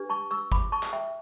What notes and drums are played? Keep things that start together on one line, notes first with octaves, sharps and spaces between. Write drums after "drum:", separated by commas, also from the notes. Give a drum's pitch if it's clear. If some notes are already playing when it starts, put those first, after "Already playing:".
Already playing: D4 G4 B4
A5 C#6
C#6 E6
B5 D6, drum: kick G1
A5 C#6
drum: clap
E5 G5